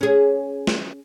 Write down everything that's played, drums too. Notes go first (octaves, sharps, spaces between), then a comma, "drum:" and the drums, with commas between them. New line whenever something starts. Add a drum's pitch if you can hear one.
C#4 G#4
drum: snare